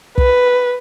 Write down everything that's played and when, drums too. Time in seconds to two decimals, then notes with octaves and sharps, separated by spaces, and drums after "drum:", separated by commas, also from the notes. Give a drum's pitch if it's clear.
0.18 B4, drum: kick